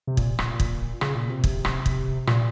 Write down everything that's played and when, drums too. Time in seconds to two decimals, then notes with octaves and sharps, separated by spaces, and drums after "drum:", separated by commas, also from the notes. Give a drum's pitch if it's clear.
0.07 C3
0.17 A#2, drum: kick
0.39 drum: rim click
0.60 drum: kick
1.01 C#3, drum: rim click
1.15 A#2
1.29 C3
1.44 drum: kick
1.65 drum: rim click
1.86 drum: kick
2.27 A#2, drum: rim click